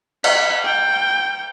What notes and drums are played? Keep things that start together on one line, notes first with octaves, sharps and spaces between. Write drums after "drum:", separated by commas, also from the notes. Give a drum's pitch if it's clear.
B6, drum: cymbal
G5 G6